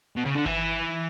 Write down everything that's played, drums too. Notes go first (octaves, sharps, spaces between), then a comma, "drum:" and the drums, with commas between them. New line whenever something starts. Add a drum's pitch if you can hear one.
B2
C#3
D3
E3, drum: kick G1